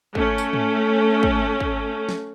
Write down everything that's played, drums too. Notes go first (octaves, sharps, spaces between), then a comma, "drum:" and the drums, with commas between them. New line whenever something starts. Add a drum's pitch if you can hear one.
A3 C#4, drum: kick
drum: tambourine
drum: tom
drum: kick
drum: kick
drum: snare